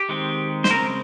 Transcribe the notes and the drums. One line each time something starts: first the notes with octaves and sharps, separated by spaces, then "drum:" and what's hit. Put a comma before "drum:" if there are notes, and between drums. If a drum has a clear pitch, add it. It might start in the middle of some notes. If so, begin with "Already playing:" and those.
Already playing: G4
D#3 G#3 C4
C5, drum: snare
C#3 G#3 C4 A#4